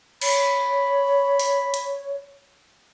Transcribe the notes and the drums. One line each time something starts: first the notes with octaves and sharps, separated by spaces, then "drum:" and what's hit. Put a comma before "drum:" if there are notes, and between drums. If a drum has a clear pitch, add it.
C#5 B5, drum: cymbal
drum: open hi-hat
drum: hi-hat